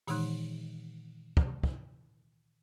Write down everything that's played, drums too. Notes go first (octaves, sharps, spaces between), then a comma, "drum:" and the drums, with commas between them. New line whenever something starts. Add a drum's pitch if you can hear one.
A#2 D#3 E3 G#3 D#4 F#6, drum: open hi-hat
drum: kick
drum: kick